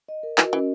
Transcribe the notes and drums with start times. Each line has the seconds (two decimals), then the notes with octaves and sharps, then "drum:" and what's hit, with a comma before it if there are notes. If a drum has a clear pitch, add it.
0.09 D#5
0.23 A#4
0.38 E3 F#4, drum: clap
0.53 E3 C#4